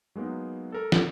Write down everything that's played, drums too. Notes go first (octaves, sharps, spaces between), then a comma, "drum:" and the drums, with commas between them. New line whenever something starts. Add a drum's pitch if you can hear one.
F#3 G#3 A#3 B3 D#4
A4 A#4 A#5
drum: snare